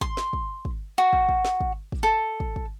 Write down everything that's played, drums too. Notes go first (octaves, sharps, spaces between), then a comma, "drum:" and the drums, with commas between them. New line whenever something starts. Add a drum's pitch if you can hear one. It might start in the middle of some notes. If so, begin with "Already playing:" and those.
C6, drum: kick
drum: snare
drum: kick
drum: kick
F#4
drum: kick
drum: kick
drum: snare
drum: kick
drum: kick
A4
drum: kick
drum: kick